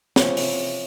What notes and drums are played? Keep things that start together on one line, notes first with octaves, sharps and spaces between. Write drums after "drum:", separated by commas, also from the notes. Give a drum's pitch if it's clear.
C3 E3 F3 C#4, drum: snare C4
drum: open hi-hat